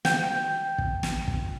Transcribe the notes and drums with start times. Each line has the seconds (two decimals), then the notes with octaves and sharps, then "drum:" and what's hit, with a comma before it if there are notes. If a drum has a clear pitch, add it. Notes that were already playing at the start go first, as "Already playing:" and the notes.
0.05 G5, drum: snare
0.78 drum: kick
1.03 drum: snare
1.28 drum: kick